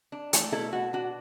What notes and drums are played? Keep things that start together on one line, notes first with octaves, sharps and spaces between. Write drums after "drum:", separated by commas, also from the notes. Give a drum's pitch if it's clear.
D4
A3, drum: hi-hat
B2 E4 A4
B2 F#4
D4 F#4